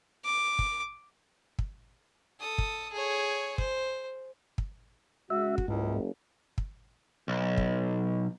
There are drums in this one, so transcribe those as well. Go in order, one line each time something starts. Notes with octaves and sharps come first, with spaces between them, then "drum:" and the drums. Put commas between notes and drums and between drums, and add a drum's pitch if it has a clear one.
D6
drum: kick
drum: kick
A4 D#6
drum: kick
G#4 C#5
C5, drum: kick
drum: kick
C#3 G#3 F#4 E5
drum: kick
F#1 C#2 G#2
drum: kick
B1
drum: kick